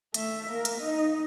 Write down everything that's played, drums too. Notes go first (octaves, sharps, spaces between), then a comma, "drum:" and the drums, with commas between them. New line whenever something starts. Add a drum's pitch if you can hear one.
A3 E5, drum: hi-hat
A#3 A#4
drum: hi-hat
D#4 D#5